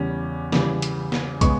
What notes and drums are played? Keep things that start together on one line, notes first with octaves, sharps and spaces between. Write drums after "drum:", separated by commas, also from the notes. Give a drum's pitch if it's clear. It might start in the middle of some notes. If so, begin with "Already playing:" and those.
Already playing: E2 C#3 G3 C#4
C#3 E3 G3, drum: snare
drum: hi-hat
drum: snare
C#3 G#3 B3 C#6, drum: kick, hi-hat